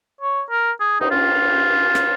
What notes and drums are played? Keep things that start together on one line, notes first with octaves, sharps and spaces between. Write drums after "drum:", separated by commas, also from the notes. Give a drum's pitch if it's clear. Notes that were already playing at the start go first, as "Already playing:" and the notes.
C#5
A#4
G#4
D#4, drum: cymbal
F4
drum: rim click